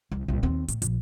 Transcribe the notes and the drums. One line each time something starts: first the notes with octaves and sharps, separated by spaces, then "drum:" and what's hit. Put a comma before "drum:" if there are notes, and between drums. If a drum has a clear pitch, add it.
C2
C2 A#2
D#2 C4
A2, drum: hi-hat
A#1, drum: hi-hat